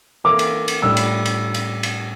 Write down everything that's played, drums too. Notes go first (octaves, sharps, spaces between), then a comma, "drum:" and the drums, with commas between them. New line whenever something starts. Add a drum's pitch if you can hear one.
E3 A#3 E4 A4 D6
drum: cymbal
drum: cymbal
A2 G3 D4 E6
drum: cymbal
drum: cymbal
drum: cymbal
drum: cymbal